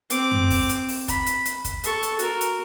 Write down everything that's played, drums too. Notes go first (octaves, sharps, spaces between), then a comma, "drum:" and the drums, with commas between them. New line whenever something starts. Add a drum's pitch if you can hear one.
C4 D6, drum: hi-hat
drum: tom F#2
drum: kick, open hi-hat
drum: hi-hat
drum: open hi-hat
B5, drum: kick, hi-hat
drum: hi-hat
drum: hi-hat
drum: kick, hi-hat
A4 C#6, drum: hi-hat
drum: hi-hat
F#4 A#4, drum: hi-hat
drum: hi-hat